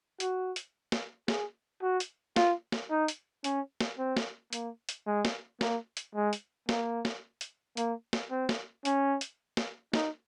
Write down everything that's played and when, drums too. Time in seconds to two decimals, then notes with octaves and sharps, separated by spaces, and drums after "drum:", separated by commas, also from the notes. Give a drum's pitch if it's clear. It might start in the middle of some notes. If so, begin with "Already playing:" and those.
0.20 F#4, drum: hi-hat
0.56 drum: hi-hat
0.92 drum: snare
1.28 G#4, drum: snare
1.82 F#4
2.00 drum: hi-hat
2.36 F4, drum: snare
2.72 drum: snare
2.90 D#4
3.08 drum: hi-hat
3.44 C#4, drum: hi-hat
3.81 drum: snare
3.99 C4
4.17 drum: snare
4.53 A#3, drum: hi-hat
4.89 drum: hi-hat
5.07 G#3
5.25 drum: snare
5.61 A#3, drum: snare
5.97 drum: hi-hat
6.15 G#3
6.33 drum: hi-hat
6.69 A#3, drum: snare
7.05 drum: snare
7.41 drum: hi-hat
7.77 A#3, drum: hi-hat
8.13 drum: snare
8.31 C4
8.49 drum: snare
8.85 C#4, drum: hi-hat
9.21 drum: hi-hat
9.57 drum: snare
9.93 D#4, drum: snare